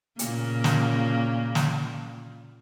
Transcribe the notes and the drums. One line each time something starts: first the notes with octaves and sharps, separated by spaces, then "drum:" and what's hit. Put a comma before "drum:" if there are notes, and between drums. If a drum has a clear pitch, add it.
A#2 C#3 A#3, drum: hi-hat
drum: snare
drum: snare